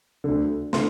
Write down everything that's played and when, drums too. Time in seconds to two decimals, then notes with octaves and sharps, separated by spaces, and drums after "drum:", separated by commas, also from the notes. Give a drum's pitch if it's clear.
0.24 D2 D3
0.73 D3 C6, drum: snare